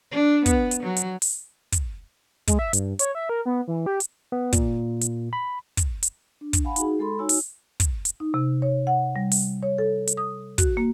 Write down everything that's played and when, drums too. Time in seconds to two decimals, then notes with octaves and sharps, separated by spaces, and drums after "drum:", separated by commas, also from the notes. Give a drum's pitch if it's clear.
0.11 D4
0.46 B3, drum: kick, hi-hat
0.71 drum: hi-hat
0.83 F#3
0.96 drum: hi-hat
1.22 drum: open hi-hat
1.72 drum: kick, hi-hat
2.48 G#3, drum: kick, hi-hat
2.59 E5
2.73 G2, drum: hi-hat
2.99 C#5, drum: hi-hat
3.15 E5
3.29 A#4
3.46 B3
3.67 E3
3.86 G4
4.00 drum: hi-hat
4.32 B3
4.53 A#2, drum: kick, hi-hat
5.01 drum: hi-hat
5.33 B5
5.77 drum: kick, hi-hat
6.03 drum: hi-hat
6.41 D4
6.53 drum: kick, hi-hat
6.64 F5 F#5 G#5 B5
6.76 D#4 F#4 G#4, drum: hi-hat
6.99 G#3 A4 B5 C6
7.19 D#4 F#4 C#5 G#5 E6
7.29 drum: open hi-hat
7.80 drum: kick, hi-hat
8.05 drum: hi-hat
8.20 D#4
8.34 C3
8.62 C#5
8.87 F#5
9.16 G3
9.32 drum: open hi-hat
9.63 C#5
9.78 A4
10.07 drum: hi-hat
10.17 D#6
10.58 F#4, drum: kick, hi-hat
10.77 A#3